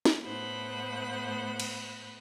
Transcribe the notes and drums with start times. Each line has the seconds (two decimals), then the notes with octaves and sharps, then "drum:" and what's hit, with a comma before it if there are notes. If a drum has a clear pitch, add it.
0.05 drum: snare
0.24 A2 A3 B3 C5 B5 F#6
1.60 drum: cymbal